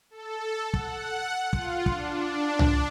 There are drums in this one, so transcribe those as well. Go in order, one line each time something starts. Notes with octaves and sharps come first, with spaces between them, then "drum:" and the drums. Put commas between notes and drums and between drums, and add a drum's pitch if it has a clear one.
A4
F#5, drum: kick
F4, drum: kick
D4, drum: kick
drum: tom C2